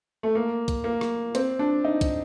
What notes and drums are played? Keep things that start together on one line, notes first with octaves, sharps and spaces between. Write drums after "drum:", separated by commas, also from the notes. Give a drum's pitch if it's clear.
A3
A#3
drum: kick, hi-hat
A#3
drum: rim click
C4, drum: hi-hat
D4
D#4
drum: kick, hi-hat